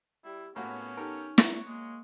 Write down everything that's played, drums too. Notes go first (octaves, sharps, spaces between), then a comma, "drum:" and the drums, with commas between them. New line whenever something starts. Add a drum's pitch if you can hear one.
G3 E4
A2 A#3 B3 C#4 F#4
D#4 G4 A4 A#4
C#5 F#5 A#5 C#6, drum: snare
G#3 A#3